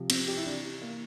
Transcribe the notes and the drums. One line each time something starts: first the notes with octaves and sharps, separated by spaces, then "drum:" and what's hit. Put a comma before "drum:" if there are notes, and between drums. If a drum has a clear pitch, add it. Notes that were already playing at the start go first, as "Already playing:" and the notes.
Already playing: C3 F3
C4, drum: cymbal
G4
E4
C3 E3 D4
A#3